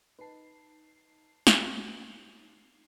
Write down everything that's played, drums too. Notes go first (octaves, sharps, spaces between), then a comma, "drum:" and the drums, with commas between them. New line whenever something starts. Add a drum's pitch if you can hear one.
D#4 B4 A5 C7
drum: snare